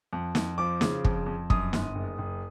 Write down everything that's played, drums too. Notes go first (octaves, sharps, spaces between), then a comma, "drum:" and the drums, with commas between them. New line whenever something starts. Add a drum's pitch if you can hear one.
F2
F2, drum: snare
F3 D6
C#3, drum: snare
F2, drum: kick
F2
F#2 D#6, drum: kick
G1, drum: snare
F#1
F#1